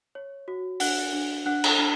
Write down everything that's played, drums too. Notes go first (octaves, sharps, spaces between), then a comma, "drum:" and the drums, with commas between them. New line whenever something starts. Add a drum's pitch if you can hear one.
C#5
F#4
D4 F#5 F#6, drum: open hi-hat
D4
D4 F#5 F#6
drum: cymbal
D4